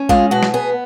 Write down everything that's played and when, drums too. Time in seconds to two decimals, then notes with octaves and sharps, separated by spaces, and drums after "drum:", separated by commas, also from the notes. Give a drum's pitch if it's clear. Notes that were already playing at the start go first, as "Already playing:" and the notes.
Already playing: C#4
0.09 G#3 F4, drum: kick
0.31 B2 F#4
0.43 drum: snare
0.54 B3 G#4